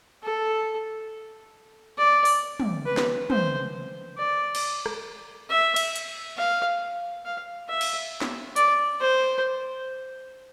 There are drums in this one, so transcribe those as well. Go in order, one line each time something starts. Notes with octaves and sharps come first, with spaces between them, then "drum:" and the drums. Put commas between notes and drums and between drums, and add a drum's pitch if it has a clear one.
A4
D5
drum: open hi-hat
drum: tom
B4
drum: snare
C5, drum: tom
D5
drum: cymbal
drum: rim click
E5
drum: cymbal
drum: hi-hat
F5
F5
E5
drum: cymbal
drum: snare
D5, drum: hi-hat
C5